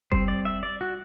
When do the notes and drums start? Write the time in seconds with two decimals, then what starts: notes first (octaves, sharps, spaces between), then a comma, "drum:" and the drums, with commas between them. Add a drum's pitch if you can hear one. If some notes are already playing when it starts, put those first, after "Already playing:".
0.12 G3 C4 C5, drum: kick F#1
0.28 D5
0.45 E5
0.63 D5
0.81 F#4